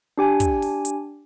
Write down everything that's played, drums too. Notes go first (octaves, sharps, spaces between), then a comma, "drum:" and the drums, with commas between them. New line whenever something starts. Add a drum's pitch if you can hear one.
D4 G4 G#5
drum: kick, hi-hat
drum: open hi-hat
drum: hi-hat